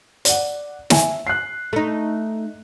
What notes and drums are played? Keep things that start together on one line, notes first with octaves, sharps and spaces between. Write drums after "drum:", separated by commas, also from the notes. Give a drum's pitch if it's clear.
D5 F#5, drum: hi-hat
E5 G#5, drum: snare
F#6 C7
A3 D#4